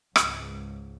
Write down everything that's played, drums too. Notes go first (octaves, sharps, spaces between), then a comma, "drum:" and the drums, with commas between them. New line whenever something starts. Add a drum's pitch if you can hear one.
C#2 G#2, drum: rim click